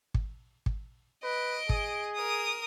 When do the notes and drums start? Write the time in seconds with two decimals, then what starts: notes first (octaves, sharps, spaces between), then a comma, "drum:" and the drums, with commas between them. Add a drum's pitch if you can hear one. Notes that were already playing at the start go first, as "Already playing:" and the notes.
0.14 drum: kick
0.66 drum: kick
1.23 B4 D#5 D7
1.69 G#4, drum: kick
2.15 A#4 D#6